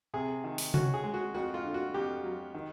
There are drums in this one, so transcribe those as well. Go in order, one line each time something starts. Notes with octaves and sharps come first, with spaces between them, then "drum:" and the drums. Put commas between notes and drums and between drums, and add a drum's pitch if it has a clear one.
C3 G#4
D#3
drum: open hi-hat
C#4 F#4, drum: tom C3
G#4
G#3
F#4
F2 F#4
F4
D3
F#4
F2 G4
F#3
D#3